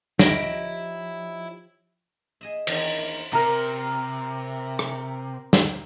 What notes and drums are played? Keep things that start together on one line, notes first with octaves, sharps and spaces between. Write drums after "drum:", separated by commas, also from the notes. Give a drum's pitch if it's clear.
F3 D#4 E4 G4 C#5 A#6 D7, drum: snare
G#4 D#5 E5
E2 D#3 D4 A#4 D#5, drum: cymbal
A#3
C3 A#4 A#5
drum: rim click
drum: snare